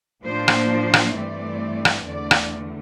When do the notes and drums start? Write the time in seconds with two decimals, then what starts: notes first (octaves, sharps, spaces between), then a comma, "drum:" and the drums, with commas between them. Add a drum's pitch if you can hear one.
0.24 A2 F3 A#3 D4 C5
0.48 drum: rim click
0.94 drum: rim click
1.16 G2 E3 A3 C4 D5
1.85 drum: rim click
2.07 E2 D3 A3 D5
2.31 drum: rim click